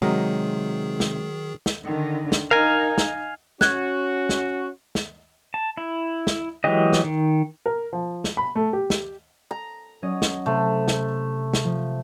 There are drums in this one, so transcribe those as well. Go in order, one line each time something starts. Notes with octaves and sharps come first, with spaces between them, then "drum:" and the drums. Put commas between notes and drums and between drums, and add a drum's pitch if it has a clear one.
C3 D#3 F#3 G#3 D#4 G#4 A#4
drum: snare
drum: snare
D3 D#3
drum: snare
D#4 A#4 F5 G#5
drum: snare
C#4 F#4 F#6 G#6, drum: snare
drum: snare
drum: snare
A5
E4
drum: snare
E3 F#3 G#3 G4 D#5
drum: snare
D#3
A#4
F3
drum: snare
B5
A3
G4
drum: snare
A#5
F#3 C#4 D#5
drum: snare
C3 A3 C6
drum: snare
drum: snare
F3